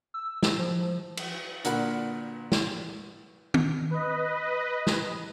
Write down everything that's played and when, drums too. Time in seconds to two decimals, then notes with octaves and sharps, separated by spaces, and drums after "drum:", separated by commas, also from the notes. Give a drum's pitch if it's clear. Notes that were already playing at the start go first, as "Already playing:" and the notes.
0.14 E6
0.43 drum: snare
0.59 F3
1.17 drum: cymbal
1.64 A#2 D3 F#4 A#4 F#5 B5, drum: hi-hat
2.52 drum: snare
3.54 drum: tom
3.91 B4 D#5
4.87 drum: snare